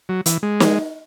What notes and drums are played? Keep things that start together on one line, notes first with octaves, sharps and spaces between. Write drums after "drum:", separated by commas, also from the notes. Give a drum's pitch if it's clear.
F#3
E3, drum: hi-hat
G#3
drum: snare